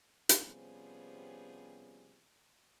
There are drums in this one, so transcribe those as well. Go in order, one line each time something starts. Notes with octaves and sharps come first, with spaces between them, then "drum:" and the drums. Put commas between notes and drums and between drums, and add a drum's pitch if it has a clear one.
drum: hi-hat
C3 F3 G3 B3 C#4 G#4